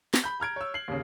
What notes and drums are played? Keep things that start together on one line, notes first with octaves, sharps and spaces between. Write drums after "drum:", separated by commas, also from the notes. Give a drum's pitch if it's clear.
drum: snare
B5 G6
A#5 F6 G#6 D7
C#5 E6
C7 F#7
D#2 C#3